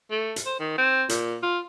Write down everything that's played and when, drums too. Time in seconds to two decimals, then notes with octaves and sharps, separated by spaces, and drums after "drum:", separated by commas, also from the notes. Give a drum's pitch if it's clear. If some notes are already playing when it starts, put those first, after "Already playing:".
0.11 A3
0.36 drum: hi-hat
0.46 C5
0.60 D#3
0.78 C4
1.09 A#2, drum: hi-hat
1.42 F4